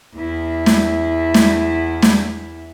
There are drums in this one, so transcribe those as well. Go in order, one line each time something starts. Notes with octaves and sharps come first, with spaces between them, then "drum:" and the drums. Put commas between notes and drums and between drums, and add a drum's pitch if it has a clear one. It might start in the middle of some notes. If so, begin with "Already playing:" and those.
E2 E4
drum: snare
drum: snare
drum: snare